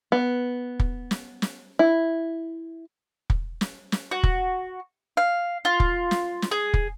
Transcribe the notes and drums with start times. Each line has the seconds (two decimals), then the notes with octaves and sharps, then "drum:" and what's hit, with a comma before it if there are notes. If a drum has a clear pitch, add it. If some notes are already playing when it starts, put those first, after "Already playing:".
0.12 B3
0.80 drum: kick
1.11 drum: snare
1.42 drum: snare
1.79 E4
3.30 drum: kick
3.61 drum: snare
3.92 drum: snare
4.11 F#4
4.23 drum: kick
5.17 F5
5.65 F4
5.80 drum: kick
6.11 drum: snare
6.42 drum: snare
6.51 G#4
6.74 drum: kick